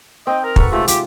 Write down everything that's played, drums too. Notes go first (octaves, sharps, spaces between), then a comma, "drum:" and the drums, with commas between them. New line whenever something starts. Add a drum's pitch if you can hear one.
C4 D#4 D#5 G5
A#4 A#5
F#4 A4 B4 C#6, drum: kick
G#2 C3 A3 F4
F4 G4, drum: hi-hat